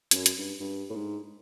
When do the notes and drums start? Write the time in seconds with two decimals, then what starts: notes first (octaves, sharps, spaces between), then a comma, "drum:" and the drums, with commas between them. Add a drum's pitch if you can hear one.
0.11 F2, drum: hi-hat
0.16 F#2
0.26 drum: hi-hat
0.38 G2
0.60 G2
0.90 A2
0.95 G#2